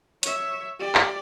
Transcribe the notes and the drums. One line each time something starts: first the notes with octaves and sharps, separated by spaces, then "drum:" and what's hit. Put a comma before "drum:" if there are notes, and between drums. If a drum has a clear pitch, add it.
C#5 E5, drum: hi-hat
G4 D5
drum: clap